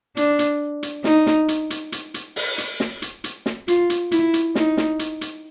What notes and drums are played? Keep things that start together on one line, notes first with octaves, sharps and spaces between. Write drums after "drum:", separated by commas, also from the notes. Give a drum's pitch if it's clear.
D4, drum: hi-hat
drum: hi-hat
drum: hi-hat
D#4, drum: snare
drum: snare
drum: hi-hat
drum: hi-hat
drum: hi-hat
drum: hi-hat
drum: open hi-hat
drum: hi-hat
drum: snare
drum: hi-hat
drum: hi-hat
drum: snare
F4, drum: hi-hat
drum: hi-hat
E4, drum: hi-hat
drum: hi-hat
D#4, drum: snare
drum: snare
drum: hi-hat
drum: hi-hat